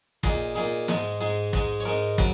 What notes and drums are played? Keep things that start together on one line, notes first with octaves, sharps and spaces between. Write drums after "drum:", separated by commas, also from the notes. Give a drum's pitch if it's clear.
A#2 A#3 D#4 G#4, drum: kick
A#2 A#3 D#4 G#4
G#2 G#3 D#4, drum: snare
G#2 G#3 D#4 G#4
G#2 G#3 D#4, drum: kick
C#5
G#2 G#3 D#4 A#4
C#3 F#3, drum: kick